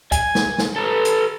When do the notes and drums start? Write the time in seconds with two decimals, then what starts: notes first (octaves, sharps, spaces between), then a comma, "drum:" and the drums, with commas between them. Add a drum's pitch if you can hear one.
0.12 G#5, drum: kick C#2, hi-hat
0.35 drum: snare
0.58 drum: snare
0.76 A4 B4
1.05 drum: hi-hat